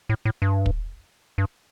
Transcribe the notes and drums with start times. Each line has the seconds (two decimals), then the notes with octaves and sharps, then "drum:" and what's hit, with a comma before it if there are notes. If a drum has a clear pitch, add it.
0.09 A2
0.25 A2
0.42 G2
0.66 drum: kick
1.38 G2